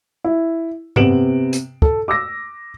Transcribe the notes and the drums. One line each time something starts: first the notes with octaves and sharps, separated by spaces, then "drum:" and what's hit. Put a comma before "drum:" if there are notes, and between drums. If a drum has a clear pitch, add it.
E4
C3 B3 D7 E7 F#7, drum: tom G2
drum: hi-hat
A4, drum: kick
D6 E6 A#6